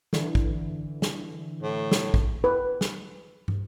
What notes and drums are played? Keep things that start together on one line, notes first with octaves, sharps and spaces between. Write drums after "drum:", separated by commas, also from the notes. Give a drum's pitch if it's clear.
D3 E3, drum: snare
drum: kick
drum: snare
A2
drum: snare
drum: kick
B4
drum: snare
drum: tom